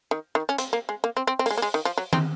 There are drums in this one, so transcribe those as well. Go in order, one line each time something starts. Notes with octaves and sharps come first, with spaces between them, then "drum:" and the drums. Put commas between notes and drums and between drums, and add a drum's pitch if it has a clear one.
D#3
D#3
C#4
C4, drum: hi-hat
A#3
G#3
A#3
C4
C4
C4
A#3, drum: open hi-hat
G#3
A#3
G#3
D#3
F3
F#3
C4 D#4, drum: tom D#3